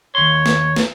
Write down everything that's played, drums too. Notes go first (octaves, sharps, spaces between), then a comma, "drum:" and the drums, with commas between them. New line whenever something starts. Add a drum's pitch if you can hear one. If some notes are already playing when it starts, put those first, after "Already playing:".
D#2 C#5 C6
drum: snare
drum: snare